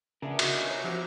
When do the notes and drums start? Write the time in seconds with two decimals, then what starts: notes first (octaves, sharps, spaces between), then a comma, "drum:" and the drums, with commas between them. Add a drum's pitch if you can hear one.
0.22 C#3 B3 D4 F4 A#4 E5
0.39 D#4 F#4, drum: cymbal
0.55 C#4
0.70 C#5 A#5
0.84 C3 F3 F#4